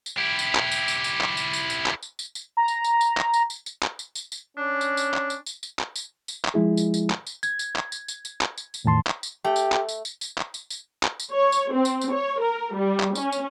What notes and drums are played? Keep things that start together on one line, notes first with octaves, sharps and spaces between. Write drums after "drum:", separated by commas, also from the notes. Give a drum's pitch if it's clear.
drum: tambourine
E4 G4
drum: tambourine
drum: clap
drum: tambourine
drum: tambourine
drum: tambourine
drum: clap
drum: tambourine
drum: tambourine
drum: tambourine
drum: clap
drum: tambourine
drum: tambourine
drum: tambourine
A#5
drum: tambourine
drum: tambourine
drum: tambourine
drum: clap
drum: tambourine
drum: tambourine
drum: tambourine
drum: clap
drum: tambourine
drum: tambourine
drum: tambourine
C#4 D4
drum: tambourine
drum: tambourine
drum: clap
drum: tambourine
drum: tambourine
drum: tambourine
drum: clap
drum: tambourine
drum: tambourine
drum: clap
F3 G#3 E4 G#4
drum: tambourine
drum: tambourine
drum: clap
drum: tambourine
G#6, drum: tambourine
drum: tambourine
drum: clap
drum: tambourine
drum: tambourine
drum: tambourine
drum: clap
drum: tambourine
drum: tambourine
E2 A2 D#3 A5 C6
drum: clap
drum: tambourine
A3 G4
drum: tambourine
drum: clap
drum: tambourine
drum: tambourine
drum: tambourine
drum: clap
drum: tambourine
drum: tambourine
drum: clap
drum: tambourine
C#5
drum: tambourine
C4
drum: tambourine
drum: tambourine
C#5
A#4
G3
drum: clap
C#4, drum: tambourine
drum: tambourine